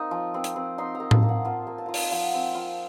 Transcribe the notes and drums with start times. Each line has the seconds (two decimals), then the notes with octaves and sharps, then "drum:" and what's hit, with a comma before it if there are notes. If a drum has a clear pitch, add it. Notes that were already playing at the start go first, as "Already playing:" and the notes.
Already playing: A#3 C4 D#4
0.11 F3
0.34 C4
0.44 drum: hi-hat
0.56 C4
0.78 D#4 C6
0.95 A#5
1.00 A#3
1.11 A5, drum: tom A2
1.23 A#3
1.29 F#5
1.45 F4 A5
1.67 A#3
1.78 A5
1.86 F4 A#5
1.94 A5, drum: open hi-hat
2.11 F3 F#5
2.34 C4
2.55 F4